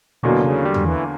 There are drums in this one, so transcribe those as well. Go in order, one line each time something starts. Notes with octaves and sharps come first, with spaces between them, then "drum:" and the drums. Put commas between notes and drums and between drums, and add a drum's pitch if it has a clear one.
E2 B2 D3 F#3 A#3
C#3
G3
drum: tom
E3